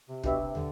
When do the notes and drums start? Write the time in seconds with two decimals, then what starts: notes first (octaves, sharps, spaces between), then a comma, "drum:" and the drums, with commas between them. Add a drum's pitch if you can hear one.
0.09 C3
0.23 B2 D4 G4 B4 E5, drum: kick
0.39 C3
0.55 D3, drum: tom